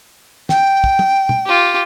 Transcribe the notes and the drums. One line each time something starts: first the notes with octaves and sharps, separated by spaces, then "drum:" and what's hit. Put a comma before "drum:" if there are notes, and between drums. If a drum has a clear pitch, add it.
G5, drum: snare
drum: kick
drum: tom
drum: tom
F4 G4